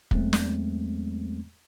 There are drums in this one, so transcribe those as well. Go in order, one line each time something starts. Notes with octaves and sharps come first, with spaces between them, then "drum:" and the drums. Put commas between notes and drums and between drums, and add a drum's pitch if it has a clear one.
E2 F#3 G#3 A3 B3 C4, drum: kick
drum: snare